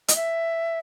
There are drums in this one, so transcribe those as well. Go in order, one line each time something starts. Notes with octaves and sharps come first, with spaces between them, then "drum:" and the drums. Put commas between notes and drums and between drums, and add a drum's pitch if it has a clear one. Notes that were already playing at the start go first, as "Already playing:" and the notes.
D#5, drum: hi-hat
E5